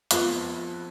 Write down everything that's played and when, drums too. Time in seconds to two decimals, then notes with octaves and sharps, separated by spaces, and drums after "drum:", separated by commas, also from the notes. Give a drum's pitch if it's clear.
0.11 F2 F3 B3 B4, drum: hi-hat